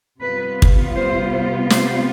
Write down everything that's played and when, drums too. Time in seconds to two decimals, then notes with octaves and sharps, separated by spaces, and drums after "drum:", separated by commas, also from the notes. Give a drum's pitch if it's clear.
0.20 C3 G3 B3 F4 B4
0.62 drum: kick
0.95 C5
1.32 C5
1.70 C5, drum: snare